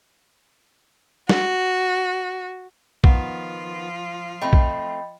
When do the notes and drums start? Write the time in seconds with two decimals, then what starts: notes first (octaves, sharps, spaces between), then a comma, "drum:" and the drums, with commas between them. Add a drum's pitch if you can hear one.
1.29 F#4, drum: snare
3.04 D#3 F3 B3 F4, drum: kick
4.42 A3 C4 D#5 G5 B5
4.53 drum: kick